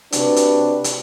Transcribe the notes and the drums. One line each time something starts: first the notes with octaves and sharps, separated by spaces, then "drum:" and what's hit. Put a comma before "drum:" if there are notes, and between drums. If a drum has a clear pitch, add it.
C3 D4 F#4 G4 B4, drum: hi-hat
drum: hi-hat
drum: hi-hat